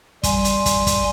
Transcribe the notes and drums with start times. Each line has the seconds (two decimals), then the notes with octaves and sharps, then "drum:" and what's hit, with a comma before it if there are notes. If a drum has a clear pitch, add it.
0.23 G3 G#5 C6, drum: kick, hi-hat
0.45 drum: hi-hat
0.66 drum: kick, hi-hat
0.87 drum: kick, hi-hat